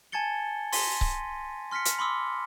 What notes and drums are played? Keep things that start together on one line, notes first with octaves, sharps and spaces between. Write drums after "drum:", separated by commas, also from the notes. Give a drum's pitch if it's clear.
G#5 A5 G#6 A6 C#7 G7
C6 A#6 B6 D#7, drum: open hi-hat
drum: kick C#1
C6 F6 A#6 B6 C#7
drum: hi-hat
B5 C6 D6 E6